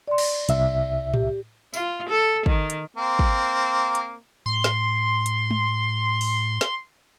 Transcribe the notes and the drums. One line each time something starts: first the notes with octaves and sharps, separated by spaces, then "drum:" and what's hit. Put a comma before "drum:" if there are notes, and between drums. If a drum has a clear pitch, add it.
D5 C6
drum: cymbal
C2 E5, drum: hi-hat
G4, drum: tom A2
F4, drum: tambourine
A4
D#3, drum: kick
drum: hi-hat
A#3 C4
drum: kick
drum: hi-hat
A2 C6
drum: snare
drum: hi-hat
drum: tom
drum: open hi-hat
drum: snare